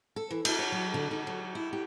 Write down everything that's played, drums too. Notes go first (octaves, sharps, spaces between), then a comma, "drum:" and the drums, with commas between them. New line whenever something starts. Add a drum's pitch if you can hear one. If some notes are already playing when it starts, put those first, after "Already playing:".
A4
E3
E4, drum: cymbal
C#5
F#3
D3
D#4
F#3
E4
G4